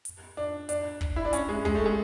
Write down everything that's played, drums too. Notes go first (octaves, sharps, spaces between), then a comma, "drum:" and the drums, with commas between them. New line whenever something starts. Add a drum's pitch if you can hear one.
drum: hi-hat
D4
D4, drum: hi-hat
drum: kick
E4
D4
C#4, drum: hi-hat
G#3
G#3, drum: kick
A3
G#3